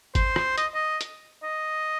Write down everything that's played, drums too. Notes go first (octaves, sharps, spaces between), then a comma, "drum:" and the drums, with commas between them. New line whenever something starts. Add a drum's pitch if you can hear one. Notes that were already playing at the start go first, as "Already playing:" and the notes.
C5, drum: kick G1, hi-hat
drum: rim click
D#5, drum: hi-hat
D#5
drum: hi-hat
D#5